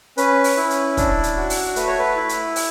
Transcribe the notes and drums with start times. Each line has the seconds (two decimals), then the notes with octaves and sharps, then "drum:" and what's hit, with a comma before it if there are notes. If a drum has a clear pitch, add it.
0.17 C#4 B4, drum: hi-hat
0.44 drum: open hi-hat
0.57 E4
0.70 drum: hi-hat
0.97 D4, drum: kick, hi-hat
1.23 drum: hi-hat
1.36 F#4
1.50 drum: open hi-hat
1.76 A3 B4, drum: hi-hat
1.88 C#5
1.99 B4
2.16 E4
2.29 drum: hi-hat
2.56 drum: open hi-hat